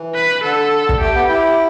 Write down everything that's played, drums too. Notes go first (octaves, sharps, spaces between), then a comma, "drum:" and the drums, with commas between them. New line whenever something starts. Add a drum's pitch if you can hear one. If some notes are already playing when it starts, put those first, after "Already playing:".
Already playing: E3
B4
D3 A4
drum: kick
A3 G4
B3
E4